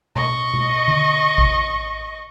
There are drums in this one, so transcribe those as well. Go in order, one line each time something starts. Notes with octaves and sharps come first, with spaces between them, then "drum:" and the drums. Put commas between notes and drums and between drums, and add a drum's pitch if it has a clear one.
D#5 C#6, drum: tom B2
drum: tom B2
drum: tom D3
drum: kick A1